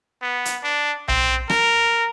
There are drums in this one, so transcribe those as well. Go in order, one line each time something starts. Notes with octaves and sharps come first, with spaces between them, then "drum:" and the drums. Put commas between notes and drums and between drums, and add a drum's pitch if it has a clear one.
B3
drum: hi-hat
D4
C4, drum: tom B1
A#4, drum: rim click